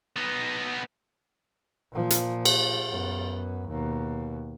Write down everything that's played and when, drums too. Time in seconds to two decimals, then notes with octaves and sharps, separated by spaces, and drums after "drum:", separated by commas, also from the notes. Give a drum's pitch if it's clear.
0.16 B3 D#4
1.92 A#2 F3
2.10 drum: hi-hat
2.45 drum: cymbal
2.89 F#2 B3
3.68 D#2 B2